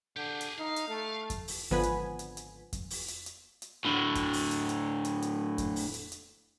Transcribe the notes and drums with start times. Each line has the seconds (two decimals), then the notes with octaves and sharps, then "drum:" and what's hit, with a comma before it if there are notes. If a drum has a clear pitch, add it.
0.16 D3 G4 G#4
0.41 drum: hi-hat
0.58 D#4 F5
0.76 drum: hi-hat
0.88 A3
1.30 drum: kick F2, hi-hat
1.48 drum: open hi-hat
1.71 G#1 D3 F3 B3 G#5 B5
1.83 drum: hi-hat
2.19 drum: hi-hat
2.37 drum: hi-hat
2.73 drum: kick F2, hi-hat
2.90 drum: open hi-hat
3.08 drum: hi-hat
3.26 drum: hi-hat
3.62 drum: hi-hat
3.85 A2 D3
4.15 drum: kick F2, hi-hat
4.33 drum: open hi-hat
4.51 drum: hi-hat
4.69 drum: hi-hat
5.05 drum: hi-hat
5.22 drum: hi-hat
5.58 drum: kick F2, hi-hat
5.76 drum: open hi-hat
5.94 drum: hi-hat
6.12 drum: hi-hat